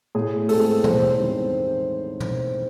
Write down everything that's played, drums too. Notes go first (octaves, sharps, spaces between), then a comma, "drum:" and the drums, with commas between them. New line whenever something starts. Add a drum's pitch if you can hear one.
A2 G#4
G#3 C4 A4, drum: open hi-hat
E2 C5, drum: tom
D#3 G#3 C4
drum: tom